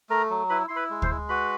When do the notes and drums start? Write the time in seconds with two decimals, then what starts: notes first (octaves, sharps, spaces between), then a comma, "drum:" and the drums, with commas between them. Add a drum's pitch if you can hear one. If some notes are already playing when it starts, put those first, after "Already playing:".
0.10 A3 A#4 A#5
0.30 F#3
0.49 E4 B4 B5
0.68 E4 C6
0.76 B4 B5
0.90 G#3
1.02 C5 C6, drum: kick D2
1.10 G#3
1.29 F#4 B4 B5